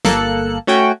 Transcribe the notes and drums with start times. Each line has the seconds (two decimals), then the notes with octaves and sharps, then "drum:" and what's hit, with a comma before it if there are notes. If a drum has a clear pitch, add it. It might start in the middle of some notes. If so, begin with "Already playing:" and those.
0.05 G1 A#3 A4 F#6 C#7, drum: snare
0.67 A3 C#4 F#4 C#5 G5